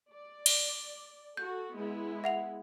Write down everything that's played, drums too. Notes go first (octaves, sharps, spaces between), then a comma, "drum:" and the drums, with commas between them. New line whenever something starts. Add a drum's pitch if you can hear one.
D5
drum: cymbal
F#4 A4 G6
G#3 B3 E4
E5 F#5 F7